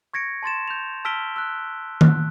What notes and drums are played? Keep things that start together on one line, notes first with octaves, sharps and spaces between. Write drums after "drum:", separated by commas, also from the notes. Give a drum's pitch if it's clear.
C#6 G#6 A#6 C#7 D7
A5 C6 A6 E7
G6 F7
A5 E6 F6 B6 D7 G7
E6 F#6
F#6, drum: tom D#3